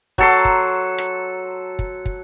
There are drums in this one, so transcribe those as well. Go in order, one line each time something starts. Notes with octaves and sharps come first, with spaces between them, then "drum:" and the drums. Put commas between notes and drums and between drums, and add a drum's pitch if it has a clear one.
F#3 A4 C6, drum: kick
drum: kick
drum: rim click
drum: kick
drum: kick